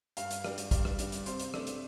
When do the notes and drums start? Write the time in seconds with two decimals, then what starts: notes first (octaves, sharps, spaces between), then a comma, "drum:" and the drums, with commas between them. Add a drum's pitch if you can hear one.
0.17 G2 F5, drum: hi-hat
0.31 drum: hi-hat
0.44 G3 D4, drum: rim click
0.58 drum: hi-hat
0.71 G2 D5, drum: kick, hi-hat
0.85 drum: rim click
0.99 G3 D4, drum: hi-hat
1.12 drum: hi-hat
1.26 C3 C5, drum: hi-hat
1.40 drum: hi-hat
1.54 A3 D4, drum: rim click
1.67 drum: hi-hat